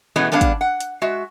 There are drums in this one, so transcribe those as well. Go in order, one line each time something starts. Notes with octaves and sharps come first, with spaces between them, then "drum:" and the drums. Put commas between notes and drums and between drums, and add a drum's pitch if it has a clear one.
B2 E3 G#3 A3 B3 C#4
G3 A3 B3 D4 G#4 F5
drum: kick, hi-hat
F#5
drum: hi-hat
G#3 F#4 E5